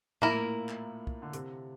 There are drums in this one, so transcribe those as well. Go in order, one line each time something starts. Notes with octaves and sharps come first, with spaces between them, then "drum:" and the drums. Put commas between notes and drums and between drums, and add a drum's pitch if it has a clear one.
A#2 A#3 E4 A#4, drum: tom A2
A2
A#2
drum: clap
drum: kick
D3
C3, drum: hi-hat